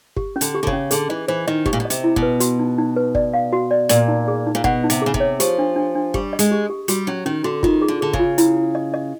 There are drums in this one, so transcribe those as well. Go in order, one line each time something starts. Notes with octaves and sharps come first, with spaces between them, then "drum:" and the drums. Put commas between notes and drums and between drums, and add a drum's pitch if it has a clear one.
G4, drum: kick
C#4
D3, drum: hi-hat
G4
D3
C#3, drum: kick
C#4
D3 G#4, drum: hi-hat
E3 D#5
E3 C5
D#3 D#5
B2 G4, drum: kick
A#2
B2
D#5
C3, drum: hi-hat
E4
B2, drum: kick
B4
F#4, drum: hi-hat
D#4
D#4
B4
D5, drum: kick
F5
F#4
D5
A#2 D5, drum: hi-hat
D#4
G#4
D#4
A#2
B2 F#5, drum: kick
D#4
C3, drum: hi-hat
C#3 G#4
C3, drum: kick
C#5
F3 G4, drum: hi-hat
D4
D4
D4
G3 G4, drum: kick
D#5
G#3, drum: hi-hat
G4
G4
G3 F#4, drum: hi-hat
F#3 C#4
D#3 C#4
D3 F#4
D#3 F4, drum: kick
G#4
D3
D3 G#4
C#3, drum: kick
F4
E4, drum: hi-hat
E4
D#5
D#5